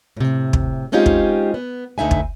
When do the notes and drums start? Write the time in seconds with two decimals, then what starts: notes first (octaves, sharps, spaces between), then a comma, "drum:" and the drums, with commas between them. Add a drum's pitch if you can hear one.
0.17 A2 C3
0.53 drum: kick
0.92 G#3 C4 C#4 D#4 F4 G4
1.06 drum: kick
1.54 B3
1.98 D2 D3 D#4 E5 G#5
2.11 drum: kick